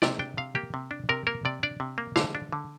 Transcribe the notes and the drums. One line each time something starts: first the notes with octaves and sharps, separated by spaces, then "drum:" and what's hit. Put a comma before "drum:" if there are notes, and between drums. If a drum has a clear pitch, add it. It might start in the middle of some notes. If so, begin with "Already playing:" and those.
C3 D5, drum: snare
D4 G5
C3 F5
A#3 G4
C3
D4
C3 A#4
A#3 A#4
C3 D5
D4 D5
C3
A#3
D3 F5, drum: snare
D4
D3